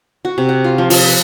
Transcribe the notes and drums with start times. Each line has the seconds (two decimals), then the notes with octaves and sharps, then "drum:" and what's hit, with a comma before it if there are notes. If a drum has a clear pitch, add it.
0.25 F#4
0.38 C3
0.49 F#5
0.64 F4
0.78 F3
0.90 F3, drum: open hi-hat
1.06 B4